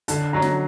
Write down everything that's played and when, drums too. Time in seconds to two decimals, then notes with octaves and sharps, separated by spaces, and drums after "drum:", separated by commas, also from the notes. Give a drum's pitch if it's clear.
0.08 D3 A5, drum: hi-hat
0.33 F#3 A#5
0.42 drum: snare